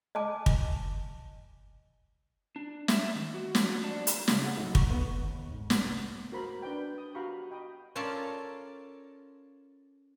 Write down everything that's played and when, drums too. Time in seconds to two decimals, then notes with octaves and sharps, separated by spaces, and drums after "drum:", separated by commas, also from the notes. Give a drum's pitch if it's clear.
0.15 D#5 G#5 A5 D6
0.46 drum: kick
2.56 D4
2.88 E5, drum: snare
3.15 D#3
3.34 F#4
3.55 F3, drum: snare
3.72 F#4
3.84 D4
4.07 drum: hi-hat
4.28 C#3, drum: snare
4.44 F#5
4.57 B1
4.75 C#6, drum: kick
4.90 B3
5.22 D#2
5.52 G#2
5.70 B3, drum: snare
5.84 C2
6.32 F#4 A#4 C5 B5 C6
6.62 D4 B4 D5 G5
6.98 D#6
7.15 F#4 G4 F5 A#5 B5 C#6
7.51 D#5 G5 B5 D#6
7.96 C#4 F4 A4 A#4 D5 A5